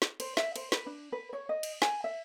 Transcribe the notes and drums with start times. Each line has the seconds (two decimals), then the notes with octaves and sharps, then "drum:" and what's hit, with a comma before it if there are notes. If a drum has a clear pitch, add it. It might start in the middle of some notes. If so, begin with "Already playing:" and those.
0.02 drum: snare
0.20 C5, drum: cymbal
0.37 E5, drum: snare
0.56 C5, drum: cymbal
0.72 B4, drum: snare
0.86 D4
1.12 B4
1.33 C#5
1.49 D#5
1.63 drum: cymbal
1.82 G#5, drum: snare
2.04 E5